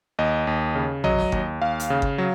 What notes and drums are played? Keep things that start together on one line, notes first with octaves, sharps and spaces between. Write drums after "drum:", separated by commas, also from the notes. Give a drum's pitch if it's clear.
D#2 D#5
D#2
C#3
F#3 D#5, drum: tom A#1
drum: snare
D#2, drum: kick G1
D#2 F5
drum: hi-hat
C#3
drum: kick G1
F#3